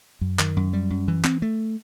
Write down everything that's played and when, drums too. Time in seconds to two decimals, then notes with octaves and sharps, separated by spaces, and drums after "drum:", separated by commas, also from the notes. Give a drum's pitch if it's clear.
0.21 F#2
0.39 D#3, drum: clap
0.57 F#2
0.73 G3
0.90 F#2
1.08 E3
1.24 C4, drum: clap
1.42 A3